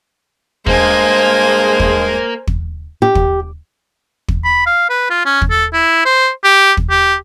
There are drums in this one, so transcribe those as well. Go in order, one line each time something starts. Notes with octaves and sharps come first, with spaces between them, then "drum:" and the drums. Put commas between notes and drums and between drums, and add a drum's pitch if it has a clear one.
G2 G#3 A#3 C5 G#5, drum: kick
drum: kick
drum: kick
G4
drum: kick
drum: kick
B5
F5
B4
F4
C#4
drum: kick
A4
E4
C5
G4
drum: kick
G4